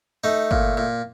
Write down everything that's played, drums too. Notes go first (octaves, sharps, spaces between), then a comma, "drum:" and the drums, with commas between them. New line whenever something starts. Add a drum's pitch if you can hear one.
A3 D#4
A#2, drum: kick
A#2